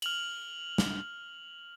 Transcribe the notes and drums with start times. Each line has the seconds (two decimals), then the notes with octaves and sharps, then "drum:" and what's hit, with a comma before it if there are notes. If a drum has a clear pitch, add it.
0.02 F6 F7 F#7, drum: cymbal
0.78 drum: snare